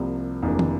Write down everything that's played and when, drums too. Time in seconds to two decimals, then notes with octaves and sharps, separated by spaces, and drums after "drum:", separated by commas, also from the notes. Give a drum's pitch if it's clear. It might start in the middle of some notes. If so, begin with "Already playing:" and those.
Already playing: C2 C3 F3 A#3
0.42 F1 F2 E3 A#3 D4
0.59 drum: tom